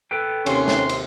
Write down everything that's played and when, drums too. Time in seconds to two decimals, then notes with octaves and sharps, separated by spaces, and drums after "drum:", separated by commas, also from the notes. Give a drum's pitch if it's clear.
0.11 A4 B4 G5
0.46 D#2 C3 C#4 C6, drum: cymbal
0.68 drum: snare
0.89 drum: cymbal